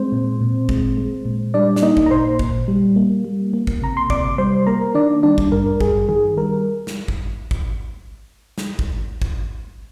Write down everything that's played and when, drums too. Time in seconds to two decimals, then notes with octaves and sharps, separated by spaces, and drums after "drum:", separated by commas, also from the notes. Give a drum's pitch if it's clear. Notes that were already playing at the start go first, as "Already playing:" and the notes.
Already playing: G#3 C4 C5
0.12 A#2
0.41 A#2
0.69 G#3, drum: kick
0.97 G#3
1.25 A#2
1.54 G3 D4 D5
1.76 D5, drum: snare
1.82 A#3 D#4 D#5
1.97 drum: kick
2.06 A#5
2.11 A#2 C5 C6
2.39 A#2, drum: kick
2.68 G3
2.96 A#3
3.24 G3
3.53 A#3
3.67 drum: kick
3.82 C3 A#5
3.97 C6
4.10 C3 D5 D6, drum: kick
4.38 G3 C5 C6
4.67 A#3 A#4 A#5
4.95 D#3 D4 D5
5.23 G3 D4 D5
5.38 drum: kick
5.52 G2 A#4
5.81 G2 G#4, drum: kick
6.09 D#3 G#4
6.37 G3 A#4
6.87 drum: snare
7.08 drum: kick
7.51 drum: kick
8.58 drum: snare
8.79 drum: kick
9.22 drum: kick